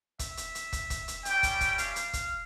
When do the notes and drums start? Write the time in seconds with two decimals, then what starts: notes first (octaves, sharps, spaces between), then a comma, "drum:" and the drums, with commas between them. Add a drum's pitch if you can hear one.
0.19 E5, drum: kick, hi-hat
0.37 drum: hi-hat
0.55 drum: hi-hat
0.73 drum: kick, hi-hat
0.90 drum: kick, hi-hat
1.08 drum: hi-hat
1.25 G3 C#4 E4 G4 G5, drum: hi-hat
1.43 drum: kick, hi-hat
1.61 drum: kick, hi-hat
1.78 F5, drum: hi-hat
1.96 drum: hi-hat
2.13 drum: kick, hi-hat